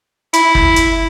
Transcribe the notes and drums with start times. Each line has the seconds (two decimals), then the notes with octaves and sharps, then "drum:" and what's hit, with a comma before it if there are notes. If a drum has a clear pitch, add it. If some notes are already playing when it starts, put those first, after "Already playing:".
0.33 E4, drum: hi-hat
0.55 drum: kick
0.76 drum: hi-hat